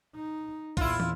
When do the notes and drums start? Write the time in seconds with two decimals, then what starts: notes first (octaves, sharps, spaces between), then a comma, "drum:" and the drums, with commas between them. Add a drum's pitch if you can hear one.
0.16 D#4
0.77 E2 A#2 E4 F4, drum: kick, hi-hat
1.00 drum: tom